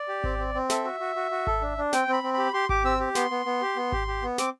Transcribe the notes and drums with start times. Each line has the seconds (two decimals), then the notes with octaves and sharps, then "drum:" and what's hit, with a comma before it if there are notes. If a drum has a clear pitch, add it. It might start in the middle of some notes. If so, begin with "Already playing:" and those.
Already playing: D5
0.08 G4
0.24 C4, drum: kick G#1
0.38 C4
0.54 C4
0.70 A4 E5, drum: snare
0.85 F#4
1.00 F#4
1.16 F#4
1.31 F#4
1.47 A4, drum: kick G#1
1.62 D4
1.78 D4
1.93 C4 G5, drum: snare
2.08 C4 B5
2.23 C4
2.34 G4 B5
2.53 G4 C6
2.69 G4 D6, drum: kick G#1
2.85 C4 E6
3.00 G4
3.15 B3 C6, drum: snare
3.31 B3
3.46 B3
3.61 G4
3.76 B3
3.92 G4, drum: kick G#1
4.08 G4
4.22 B3
4.38 C4 D6, drum: snare